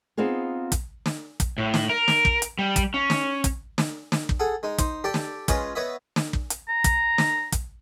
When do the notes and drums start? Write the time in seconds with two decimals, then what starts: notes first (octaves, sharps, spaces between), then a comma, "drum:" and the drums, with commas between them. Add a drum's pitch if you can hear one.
0.17 B3 C4 D#4 F4 G#4
0.72 drum: kick, hi-hat
1.06 drum: snare
1.40 drum: kick, hi-hat
1.58 A2
1.74 drum: snare
1.90 A#4
2.08 drum: snare
2.25 drum: kick
2.42 drum: hi-hat
2.59 G3
2.76 drum: kick, hi-hat
2.94 C#4
3.10 drum: snare
3.44 drum: kick, hi-hat
3.78 drum: snare
4.12 drum: snare
4.29 drum: kick
4.40 G#4 A4 F#5
4.63 G#3 D#4
4.78 D#4 C5, drum: kick, hi-hat
5.04 G4 A4 D5 G5 A5
5.14 drum: snare
5.48 G#3 C#4 F4 B4 D#5, drum: kick, hi-hat
5.75 B3 B4 C#5 D#5 E5
6.16 drum: snare
6.33 drum: kick
6.50 drum: hi-hat
6.69 A#5
6.84 drum: kick, hi-hat
7.18 drum: snare
7.52 drum: kick, hi-hat